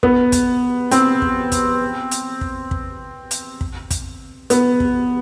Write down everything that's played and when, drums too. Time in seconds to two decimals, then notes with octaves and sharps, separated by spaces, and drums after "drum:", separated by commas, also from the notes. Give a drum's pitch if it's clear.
0.03 B3, drum: kick
0.32 drum: kick, hi-hat
0.91 C4, drum: hi-hat
1.22 drum: kick
1.52 drum: kick, hi-hat
2.11 drum: hi-hat
2.41 drum: kick
2.71 drum: kick
3.31 drum: hi-hat
3.61 drum: kick
3.91 drum: kick, hi-hat
4.50 B3, drum: hi-hat
4.80 drum: kick